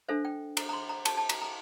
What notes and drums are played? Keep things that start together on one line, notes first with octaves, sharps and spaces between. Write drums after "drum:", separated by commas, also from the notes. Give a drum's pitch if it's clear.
D4 A4 C5 E5
G5
A#5, drum: cymbal
A#5
C6
A#5
A5, drum: cymbal
A5
A#5, drum: cymbal
A#5